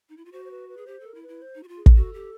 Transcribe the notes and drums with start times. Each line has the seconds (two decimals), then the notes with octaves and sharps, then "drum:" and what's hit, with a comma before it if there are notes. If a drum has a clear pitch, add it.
0.09 D#4
0.17 E4
0.25 F4
0.32 F#4 C5
0.45 C5
0.51 B4
0.69 B4
0.77 G#4
0.87 G4 C5
1.00 A4
1.06 A#4
1.15 E4
1.23 B4
1.28 E4
1.42 C5
1.55 D#4
1.63 F#4
1.68 F4
1.77 G#4
1.86 drum: kick
1.96 F#4 A4
2.14 G4